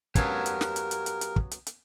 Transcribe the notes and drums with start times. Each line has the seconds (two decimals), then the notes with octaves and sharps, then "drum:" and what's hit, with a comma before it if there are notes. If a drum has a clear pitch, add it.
0.15 F#3 B3 C#4 G4 A#4 F5 A5, drum: kick, hi-hat
0.46 drum: hi-hat
0.61 drum: snare
0.76 drum: hi-hat
0.91 drum: hi-hat
1.06 drum: hi-hat
1.21 drum: hi-hat
1.36 drum: kick
1.51 drum: hi-hat
1.67 drum: hi-hat